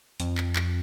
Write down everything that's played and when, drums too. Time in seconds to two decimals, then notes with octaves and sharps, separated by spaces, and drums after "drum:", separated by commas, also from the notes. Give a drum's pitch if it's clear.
0.20 F2, drum: hi-hat
0.38 drum: clap
0.56 drum: clap